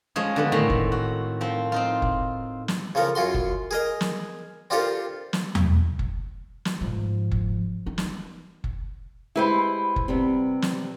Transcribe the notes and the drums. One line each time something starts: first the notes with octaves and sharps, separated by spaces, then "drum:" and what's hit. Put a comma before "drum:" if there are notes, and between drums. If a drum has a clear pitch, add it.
F3 G#3 C#4 G#4
D3 G3 B3
A2 D#3 C4 A#5
drum: kick F#1
F#4
F3 C4
C4 D#4 F4
drum: kick F#1
drum: snare
C#3 F3 A4 A#4
F#2 F4 F#4 C6
drum: kick F#1
G#4 A#4 D#5
drum: snare
C4 D4 F4 G4 A4 A#4
drum: snare
drum: tom E2
drum: kick F#1
drum: snare
G#2 F3
drum: kick F#1
D#4
drum: snare
drum: kick F#1
G#3 E4 G4 B4 C5
drum: kick F#1
C3 G3 B3
drum: snare